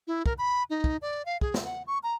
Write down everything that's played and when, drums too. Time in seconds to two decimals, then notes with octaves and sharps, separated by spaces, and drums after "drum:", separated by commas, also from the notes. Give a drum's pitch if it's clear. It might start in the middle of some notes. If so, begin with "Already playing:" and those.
0.07 E4
0.26 A#4, drum: kick
0.38 B5
0.70 D#4
0.84 drum: kick
1.02 D5
1.26 F5
1.41 G#4, drum: kick
1.54 drum: snare
1.64 F#5
1.87 C#6
2.03 A#5